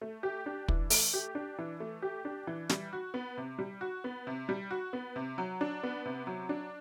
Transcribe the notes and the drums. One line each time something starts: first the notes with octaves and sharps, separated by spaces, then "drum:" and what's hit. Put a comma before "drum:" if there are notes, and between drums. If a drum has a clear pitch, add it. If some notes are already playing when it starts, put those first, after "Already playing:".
A3
G4
D4
E3, drum: kick
A3, drum: open hi-hat
G4
D4
E3
A3
G4
D4
E3
G3, drum: snare
F#4
B3
C3
G3
F#4
B3
C3
G3
F#4
B3
C3
F#3
D4
B3
C3
F#3
D4